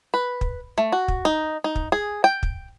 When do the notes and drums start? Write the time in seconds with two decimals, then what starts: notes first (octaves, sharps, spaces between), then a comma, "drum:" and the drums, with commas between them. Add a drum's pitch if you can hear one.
0.14 B4
0.41 drum: kick
0.78 A3
0.92 F#4
1.08 drum: kick
1.25 D#4
1.64 D#4
1.75 drum: kick
1.92 G#4
2.24 G5
2.43 drum: kick